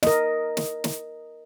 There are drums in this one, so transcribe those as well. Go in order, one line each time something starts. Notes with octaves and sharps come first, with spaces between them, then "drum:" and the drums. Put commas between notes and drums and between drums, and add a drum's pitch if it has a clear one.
A#4 D#5, drum: snare
drum: snare
drum: snare